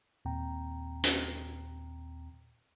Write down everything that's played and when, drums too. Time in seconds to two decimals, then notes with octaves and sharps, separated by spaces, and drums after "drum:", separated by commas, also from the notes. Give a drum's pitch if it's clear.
0.25 D#2 A#2 C4 G5 A#5
1.04 drum: hi-hat